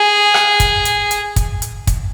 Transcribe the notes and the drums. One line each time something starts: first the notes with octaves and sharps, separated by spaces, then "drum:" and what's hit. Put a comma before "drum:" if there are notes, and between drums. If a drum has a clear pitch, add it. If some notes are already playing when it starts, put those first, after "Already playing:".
Already playing: G#4
drum: rim click
drum: kick, hi-hat
drum: hi-hat
drum: hi-hat
drum: kick, hi-hat
drum: hi-hat
drum: kick, hi-hat